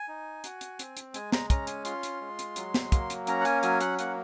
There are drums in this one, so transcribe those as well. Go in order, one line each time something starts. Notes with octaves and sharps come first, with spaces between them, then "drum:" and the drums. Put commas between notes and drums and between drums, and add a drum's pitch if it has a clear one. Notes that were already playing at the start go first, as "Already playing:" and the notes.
Already playing: G#5
D#4
F#4, drum: hi-hat
drum: hi-hat
C4, drum: hi-hat
drum: hi-hat
G#3 G#5, drum: hi-hat
A#5, drum: snare
C#4 A#5, drum: kick, hi-hat
G#5, drum: hi-hat
F4 C6, drum: hi-hat
drum: hi-hat
G#3
drum: hi-hat
F#3, drum: hi-hat
drum: snare
A#3, drum: kick, hi-hat
drum: hi-hat
C#4 A#5, drum: hi-hat
F#5
G#5, drum: hi-hat
F#3 G#5, drum: hi-hat
F#5, drum: hi-hat
A#3 F#5, drum: hi-hat